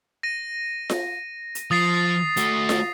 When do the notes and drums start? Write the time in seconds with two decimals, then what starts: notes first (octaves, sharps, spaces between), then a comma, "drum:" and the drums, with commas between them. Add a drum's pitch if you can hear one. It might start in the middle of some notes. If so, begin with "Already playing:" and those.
0.23 A#6 D#7
0.90 drum: snare F4
1.55 drum: hi-hat
1.71 F3 D#6 A6 C7
2.37 A3 F#4, drum: hi-hat
2.69 drum: snare F4